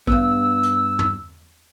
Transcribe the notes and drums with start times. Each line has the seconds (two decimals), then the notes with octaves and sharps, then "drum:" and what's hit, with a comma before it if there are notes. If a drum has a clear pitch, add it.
0.07 G2 B3 E6, drum: kick
0.63 drum: hi-hat
0.99 drum: tom